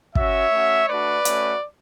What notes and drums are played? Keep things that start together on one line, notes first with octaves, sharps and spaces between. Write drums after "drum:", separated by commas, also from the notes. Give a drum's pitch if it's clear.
C#4 F#4 C#5 E5, drum: kick
A3 C#4 F#4
A3 D4 F#4 B4 D5
A3 C#4 F#4, drum: hi-hat